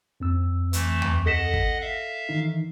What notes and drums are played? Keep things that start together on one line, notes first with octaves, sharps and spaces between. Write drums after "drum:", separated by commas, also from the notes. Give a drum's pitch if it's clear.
F2 C4 E6
E3 A3, drum: hi-hat
drum: tom D#2
A4 D#5 F#5 B6 E7
drum: kick
E5 F5
D#3 E3 D#4